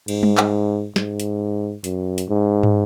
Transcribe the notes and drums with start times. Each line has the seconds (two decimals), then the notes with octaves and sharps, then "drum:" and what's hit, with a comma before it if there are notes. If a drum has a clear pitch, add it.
0.08 G#2, drum: cymbal
0.23 drum: tom G3
0.38 drum: clap
0.96 G#2, drum: snare
1.20 drum: hi-hat
1.84 F#2, drum: hi-hat
2.18 drum: hi-hat
2.29 G#2
2.63 drum: tom